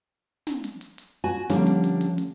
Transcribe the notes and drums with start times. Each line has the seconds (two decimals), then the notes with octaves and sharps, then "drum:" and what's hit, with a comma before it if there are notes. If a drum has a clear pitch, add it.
0.47 drum: snare
0.64 drum: hi-hat
0.81 drum: hi-hat
0.98 drum: hi-hat
1.24 F#4 G#5
1.49 D3 F3 G3 A3 A#3 C#4, drum: snare
1.67 drum: hi-hat
1.84 drum: hi-hat
2.01 drum: hi-hat
2.18 drum: hi-hat